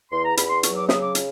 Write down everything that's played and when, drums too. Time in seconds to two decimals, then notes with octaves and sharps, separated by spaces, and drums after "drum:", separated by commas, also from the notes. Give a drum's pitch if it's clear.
0.12 E2 C6
0.25 A#5
0.37 E2 B5, drum: hi-hat
0.50 C6
0.63 F#3 C#6, drum: hi-hat
0.76 D6
0.89 C#3 D#6, drum: snare
1.02 D6
1.15 drum: hi-hat